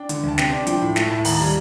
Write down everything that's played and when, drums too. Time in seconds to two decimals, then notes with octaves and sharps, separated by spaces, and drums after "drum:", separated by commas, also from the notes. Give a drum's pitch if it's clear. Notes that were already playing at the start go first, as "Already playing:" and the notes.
Already playing: D4 G5
0.09 D3, drum: hi-hat
0.24 D2 A5
0.38 C3 G5, drum: snare
0.53 D4
0.67 F3 G5, drum: hi-hat
0.82 A2
0.96 A3 A5, drum: snare
1.10 A2 A5
1.25 D#2 A#5, drum: open hi-hat
1.40 G3